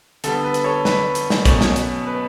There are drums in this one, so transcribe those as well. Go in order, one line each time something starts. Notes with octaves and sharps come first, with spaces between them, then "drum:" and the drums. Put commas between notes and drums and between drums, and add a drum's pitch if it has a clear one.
D3 G3 B3 A4, drum: hi-hat
B4
drum: hi-hat
A4 C#5
B4, drum: snare
drum: hi-hat
drum: snare
B2 F#3 A3 C#4, drum: kick, hi-hat
drum: snare
drum: hi-hat
B4